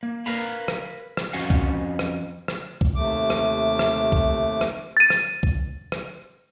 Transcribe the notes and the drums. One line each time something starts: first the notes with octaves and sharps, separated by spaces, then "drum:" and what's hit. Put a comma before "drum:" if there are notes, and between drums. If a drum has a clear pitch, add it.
A#3
A#4 B4 F5 A#5 B5
drum: rim click
drum: rim click
F2 C#4 F#4 D#5 F5 F#5
drum: kick
drum: rim click
drum: rim click
drum: kick
D#2 C3 A3 D6
drum: rim click
drum: rim click
drum: kick
drum: rim click
A6 D#7
drum: rim click
drum: kick
drum: rim click